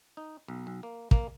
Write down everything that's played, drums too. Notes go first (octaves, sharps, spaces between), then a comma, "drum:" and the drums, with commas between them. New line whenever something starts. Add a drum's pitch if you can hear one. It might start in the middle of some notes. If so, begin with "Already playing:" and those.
D#4
B1
B1
A#3
A#3, drum: kick